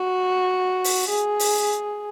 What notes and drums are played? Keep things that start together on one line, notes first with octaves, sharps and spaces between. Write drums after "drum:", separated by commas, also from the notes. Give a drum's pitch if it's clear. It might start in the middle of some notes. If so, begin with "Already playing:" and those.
Already playing: F#4
drum: open hi-hat
G#4
drum: open hi-hat